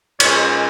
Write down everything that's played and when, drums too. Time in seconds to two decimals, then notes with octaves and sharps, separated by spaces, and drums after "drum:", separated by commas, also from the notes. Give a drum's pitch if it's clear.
0.20 A#2 G#3 C#4 C#5, drum: cymbal